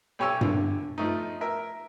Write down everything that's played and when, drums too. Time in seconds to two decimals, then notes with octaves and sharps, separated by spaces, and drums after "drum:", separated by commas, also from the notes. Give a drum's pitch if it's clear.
0.19 B1 G4 C#5 G#5 E6
0.41 D3, drum: tom G2
0.98 F3 A3 D#4
1.41 A#4 E5